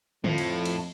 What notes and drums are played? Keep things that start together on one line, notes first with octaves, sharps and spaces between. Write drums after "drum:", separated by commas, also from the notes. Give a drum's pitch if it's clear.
F2 A2 F3, drum: tom D3
drum: cymbal
drum: cymbal